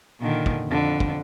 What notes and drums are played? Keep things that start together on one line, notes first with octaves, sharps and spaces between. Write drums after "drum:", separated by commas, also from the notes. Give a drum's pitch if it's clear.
A#2 D3 D#3
drum: kick
F2 D3
drum: kick